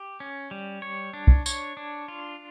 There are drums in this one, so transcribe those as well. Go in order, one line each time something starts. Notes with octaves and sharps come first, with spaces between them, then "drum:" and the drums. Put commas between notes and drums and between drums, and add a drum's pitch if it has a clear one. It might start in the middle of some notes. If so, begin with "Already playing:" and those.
Already playing: G4
C#4
G3
C#5
D4
drum: kick
C#5, drum: tambourine
D4
F4